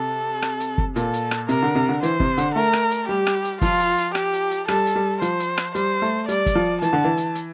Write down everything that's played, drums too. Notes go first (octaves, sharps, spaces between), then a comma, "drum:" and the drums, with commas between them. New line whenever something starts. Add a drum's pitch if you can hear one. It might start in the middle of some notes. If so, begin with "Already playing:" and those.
Already playing: C3 A4
drum: rim click
drum: hi-hat
drum: kick
A#2 A4, drum: hi-hat
drum: hi-hat
drum: rim click
C3 A#4, drum: hi-hat
D3
C3
D3
E3 C5, drum: hi-hat
C3, drum: kick
D3, drum: hi-hat
A3 A#4
drum: rim click
drum: hi-hat
G3 G4
drum: rim click
drum: hi-hat
F3 F4, drum: kick, hi-hat
drum: hi-hat
drum: hi-hat
G4, drum: rim click
drum: hi-hat
drum: hi-hat
G3 A4, drum: rim click
drum: hi-hat
G3
F3 C5, drum: hi-hat
drum: hi-hat
drum: rim click
G3 C5, drum: hi-hat
A3
G3 D5, drum: hi-hat
drum: kick, hi-hat
F3
E3 A5, drum: hi-hat
D3
E3
drum: hi-hat
drum: hi-hat